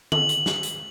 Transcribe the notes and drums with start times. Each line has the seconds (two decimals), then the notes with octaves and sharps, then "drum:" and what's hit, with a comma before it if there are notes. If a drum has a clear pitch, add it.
0.12 F#7, drum: tom
0.29 drum: hi-hat
0.46 drum: snare
0.63 drum: hi-hat